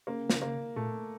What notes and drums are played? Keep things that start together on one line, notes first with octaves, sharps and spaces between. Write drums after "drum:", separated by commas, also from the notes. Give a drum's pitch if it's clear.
C#3 A#3
drum: snare
A#3
A#2 A3